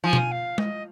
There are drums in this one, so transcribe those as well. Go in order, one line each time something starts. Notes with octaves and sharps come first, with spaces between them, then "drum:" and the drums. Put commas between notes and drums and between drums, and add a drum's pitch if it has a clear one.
F3 G#5
drum: tom B2
F5
D#5, drum: tom G#3